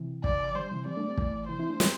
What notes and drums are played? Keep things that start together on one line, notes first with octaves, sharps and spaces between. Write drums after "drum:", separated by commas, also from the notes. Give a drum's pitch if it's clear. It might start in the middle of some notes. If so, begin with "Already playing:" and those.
Already playing: C3 E3
D5, drum: kick
D3 G3 C5
C3 E3
G3 C4 D5
A3 D4
G3 C4
E3 A3, drum: kick
C3 E3 C5
C4 E4
A3 D4
G3 C4, drum: snare